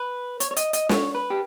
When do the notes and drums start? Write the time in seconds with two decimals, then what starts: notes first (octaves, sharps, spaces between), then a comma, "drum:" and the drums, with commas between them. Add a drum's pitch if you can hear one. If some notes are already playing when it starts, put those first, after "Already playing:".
Already playing: B4
0.40 C#5, drum: hi-hat
0.51 C#5
0.57 D#5, drum: hi-hat
0.73 D#5, drum: hi-hat
0.89 C#5, drum: snare
1.15 B4
1.30 G4